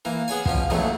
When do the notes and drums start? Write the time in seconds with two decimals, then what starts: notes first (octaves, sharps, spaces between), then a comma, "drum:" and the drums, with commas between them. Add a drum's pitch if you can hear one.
0.05 E3 A#3
0.28 B3 G#4 C#5 G#5
0.46 B2 F3 C#4, drum: kick
0.70 A#1 F2 B2 E3 F#3 A3